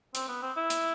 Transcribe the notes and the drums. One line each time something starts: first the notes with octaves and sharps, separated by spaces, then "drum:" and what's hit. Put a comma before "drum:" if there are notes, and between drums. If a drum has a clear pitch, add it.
C4, drum: hi-hat
B3
C4
E4
drum: hi-hat